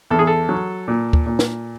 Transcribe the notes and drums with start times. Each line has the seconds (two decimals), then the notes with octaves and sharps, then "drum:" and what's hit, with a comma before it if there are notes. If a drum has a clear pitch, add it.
0.10 E2 A4
0.19 G#4
0.27 A4
0.49 F#3
0.88 A#2
1.13 drum: kick D2
1.26 A#2
1.39 drum: snare